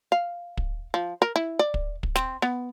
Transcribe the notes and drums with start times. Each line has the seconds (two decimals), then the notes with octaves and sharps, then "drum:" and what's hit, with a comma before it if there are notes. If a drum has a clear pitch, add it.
0.12 F5
0.57 drum: kick
0.94 F3
1.22 A#4
1.36 E4
1.59 D5
1.74 drum: kick
2.03 drum: kick
2.16 C4, drum: snare
2.42 B3